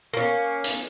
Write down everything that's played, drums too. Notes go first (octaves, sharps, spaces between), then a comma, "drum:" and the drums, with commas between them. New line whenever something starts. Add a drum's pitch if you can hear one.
A#3 C#4
drum: hi-hat